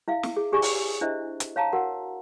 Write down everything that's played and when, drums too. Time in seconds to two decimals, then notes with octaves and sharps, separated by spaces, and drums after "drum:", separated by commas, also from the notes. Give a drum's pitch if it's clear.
0.08 E4 E5 F5
0.23 drum: snare
0.37 G#4
0.52 G4 G#4 D5 G#5 C#6
0.62 drum: open hi-hat
1.01 D4 E4 C5 D#5 E5
1.40 drum: hi-hat
1.56 C#5 F5 A5 A#5
1.73 F#4 A#4 F#5